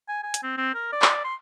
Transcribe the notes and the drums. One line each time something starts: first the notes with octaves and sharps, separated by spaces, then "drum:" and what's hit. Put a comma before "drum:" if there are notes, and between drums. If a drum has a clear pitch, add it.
G#5
G#5
drum: hi-hat
C4
C4
A#4
D5
drum: clap
C6